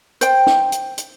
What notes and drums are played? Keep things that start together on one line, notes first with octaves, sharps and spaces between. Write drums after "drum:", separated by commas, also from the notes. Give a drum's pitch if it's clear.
C5 G5, drum: hi-hat
drum: snare
drum: hi-hat
drum: hi-hat